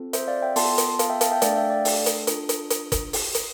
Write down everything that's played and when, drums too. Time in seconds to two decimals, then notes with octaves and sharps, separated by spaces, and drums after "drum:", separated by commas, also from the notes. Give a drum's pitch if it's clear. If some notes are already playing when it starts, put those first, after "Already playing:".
Already playing: C4 F4 A4
0.13 C5 E5, drum: hi-hat
0.28 D5 F5
0.42 E5 G5
0.56 B3 F4 A4 A5 C6, drum: open hi-hat
0.78 drum: hi-hat
0.99 F5 A5, drum: hi-hat
1.09 E5 G5
1.21 F5 A5, drum: hi-hat
1.32 E5 G5
1.42 A3 D4 A4 D5 F5, drum: hi-hat
1.56 E5 G5
1.70 D5 F5
1.85 A4, drum: open hi-hat
2.06 drum: hi-hat
2.27 D4 F4 A4, drum: hi-hat
2.49 drum: hi-hat
2.70 drum: hi-hat
2.92 drum: kick G1, hi-hat
3.13 drum: open hi-hat
3.35 drum: hi-hat